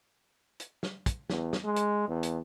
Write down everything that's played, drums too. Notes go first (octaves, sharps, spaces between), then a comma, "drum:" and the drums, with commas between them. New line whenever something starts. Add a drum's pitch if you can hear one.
drum: hi-hat
drum: snare
drum: kick, hi-hat
E2, drum: snare
drum: snare
G#3
drum: hi-hat
E2
drum: hi-hat